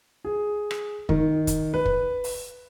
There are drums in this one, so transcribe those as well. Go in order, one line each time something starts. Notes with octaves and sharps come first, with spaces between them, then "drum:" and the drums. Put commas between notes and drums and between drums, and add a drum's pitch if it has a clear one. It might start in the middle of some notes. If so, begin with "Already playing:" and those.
G#4
drum: rim click
D#3, drum: kick
drum: kick, hi-hat
B4
drum: kick
drum: open hi-hat